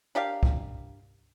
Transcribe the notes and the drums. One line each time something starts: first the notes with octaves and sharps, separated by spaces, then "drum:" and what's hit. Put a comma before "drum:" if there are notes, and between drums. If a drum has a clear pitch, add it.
D4 G4 A#4 F5
drum: kick